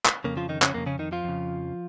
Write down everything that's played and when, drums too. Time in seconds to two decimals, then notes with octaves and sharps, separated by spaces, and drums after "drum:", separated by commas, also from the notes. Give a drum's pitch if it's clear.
0.06 drum: clap
0.24 F2 C#3 A#3
0.37 F3 F4
0.49 D#3 D#4
0.62 C#3 C#4, drum: clap
0.74 F2 C#3 A#3
0.86 C#3 C#4
0.99 D#3 D#4
1.12 F3 F4
1.24 F2 C#3